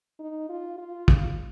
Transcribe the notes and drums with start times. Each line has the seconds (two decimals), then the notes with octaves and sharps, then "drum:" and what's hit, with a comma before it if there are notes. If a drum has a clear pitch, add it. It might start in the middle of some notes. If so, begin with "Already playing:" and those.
0.20 D#4
0.50 F4
0.78 F4
1.08 drum: kick